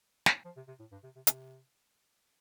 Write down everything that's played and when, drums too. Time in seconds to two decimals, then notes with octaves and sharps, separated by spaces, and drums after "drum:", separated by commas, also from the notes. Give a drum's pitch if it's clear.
0.26 drum: snare
0.45 F3
0.56 C3
0.68 C3
0.80 A2
0.92 G2
1.03 C3
1.15 C3
1.27 C3, drum: hi-hat